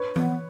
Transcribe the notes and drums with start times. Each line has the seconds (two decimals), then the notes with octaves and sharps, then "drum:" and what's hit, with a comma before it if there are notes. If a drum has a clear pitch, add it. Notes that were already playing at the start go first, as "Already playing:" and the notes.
Already playing: B4 C#5
0.16 B3, drum: tom E3